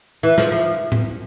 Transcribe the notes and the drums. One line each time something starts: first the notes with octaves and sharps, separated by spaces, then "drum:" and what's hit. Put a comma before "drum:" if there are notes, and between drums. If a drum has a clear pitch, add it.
E3
F3, drum: snare
F3
drum: tom A2